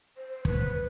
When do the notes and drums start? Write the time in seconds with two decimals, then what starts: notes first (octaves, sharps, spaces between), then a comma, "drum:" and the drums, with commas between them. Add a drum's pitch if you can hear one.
0.17 C5
0.45 B4, drum: kick
0.74 B4